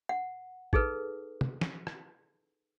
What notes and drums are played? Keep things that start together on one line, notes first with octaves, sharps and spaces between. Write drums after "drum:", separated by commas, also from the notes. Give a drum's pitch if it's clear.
F#5
D#4 G#4 A4 B4, drum: kick A1
drum: tom
drum: snare
drum: rim click